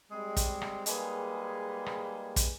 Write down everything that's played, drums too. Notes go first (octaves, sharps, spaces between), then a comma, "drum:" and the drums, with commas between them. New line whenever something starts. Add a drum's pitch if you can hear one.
G3 G#3 C4
drum: kick, hi-hat
drum: rim click
G3 G#3 A#3 D#4 G#4 B4, drum: hi-hat
drum: rim click
drum: kick, hi-hat